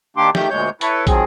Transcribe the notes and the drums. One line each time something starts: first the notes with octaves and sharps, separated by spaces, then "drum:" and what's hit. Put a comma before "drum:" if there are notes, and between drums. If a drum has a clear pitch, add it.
D#3 A#3 D4 G4 C6 D6
D#3 A3 G4 G6, drum: snare
D2 A#2 G#3 C#5 G6
E4 A4 B4 C#5, drum: hi-hat
D#3 F3 F#3 C4 G#4, drum: kick, hi-hat